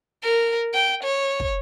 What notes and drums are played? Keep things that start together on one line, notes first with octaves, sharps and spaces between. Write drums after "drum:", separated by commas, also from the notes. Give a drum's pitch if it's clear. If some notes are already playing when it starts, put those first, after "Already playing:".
A#4
G5
C#5
drum: kick